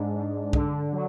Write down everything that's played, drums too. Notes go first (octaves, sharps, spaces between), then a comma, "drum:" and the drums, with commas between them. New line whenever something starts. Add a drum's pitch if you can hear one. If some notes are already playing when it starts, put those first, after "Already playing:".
Already playing: G#2 G#3 D4
G#2
D3, drum: kick
F#3